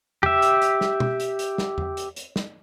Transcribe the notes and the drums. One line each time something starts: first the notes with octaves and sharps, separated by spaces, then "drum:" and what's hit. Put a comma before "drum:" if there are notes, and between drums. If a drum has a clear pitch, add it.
G4 E5, drum: tom E2
drum: hi-hat
drum: hi-hat
drum: snare
drum: tom B2
drum: hi-hat
drum: hi-hat
drum: snare
drum: tom E2
drum: hi-hat
drum: hi-hat
drum: snare